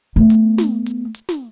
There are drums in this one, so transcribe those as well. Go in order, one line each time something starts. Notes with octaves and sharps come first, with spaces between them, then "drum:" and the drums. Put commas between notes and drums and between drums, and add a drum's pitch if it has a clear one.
A3 B3
drum: hi-hat
drum: snare
drum: hi-hat
drum: hi-hat
drum: snare